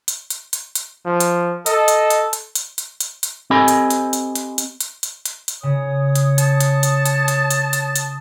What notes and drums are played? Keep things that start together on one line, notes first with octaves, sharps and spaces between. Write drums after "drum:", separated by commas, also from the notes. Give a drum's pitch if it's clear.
drum: hi-hat
drum: hi-hat
drum: hi-hat
drum: hi-hat
F3
drum: hi-hat
A4 D#5, drum: hi-hat
drum: hi-hat
drum: hi-hat
drum: hi-hat
drum: hi-hat
drum: hi-hat
drum: hi-hat
drum: hi-hat
C4 G4 A4 D#5 G#5 B5
drum: hi-hat
drum: hi-hat
drum: hi-hat
drum: hi-hat
drum: hi-hat
drum: hi-hat
drum: hi-hat
drum: hi-hat
drum: hi-hat
C#3 C#5 D#6
drum: hi-hat
A5, drum: hi-hat
drum: hi-hat
drum: hi-hat
drum: hi-hat
drum: hi-hat
drum: hi-hat
drum: hi-hat
drum: hi-hat